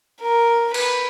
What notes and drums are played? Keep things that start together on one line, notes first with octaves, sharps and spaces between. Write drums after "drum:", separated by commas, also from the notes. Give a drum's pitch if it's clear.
A#4
B4, drum: cymbal